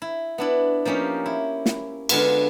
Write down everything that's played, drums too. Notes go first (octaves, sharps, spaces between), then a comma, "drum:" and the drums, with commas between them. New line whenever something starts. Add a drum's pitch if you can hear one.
E4
B3 D4 E4
F3 A#3 C#4 D#4 G4
E4
drum: snare
D3 G#3 B3 F4, drum: cymbal